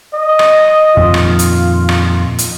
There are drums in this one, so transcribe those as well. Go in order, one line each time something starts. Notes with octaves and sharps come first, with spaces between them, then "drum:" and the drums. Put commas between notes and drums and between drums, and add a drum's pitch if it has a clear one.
D#5
drum: rim click
F2 A#2 D#3 F4
drum: rim click
drum: hi-hat
drum: rim click
drum: hi-hat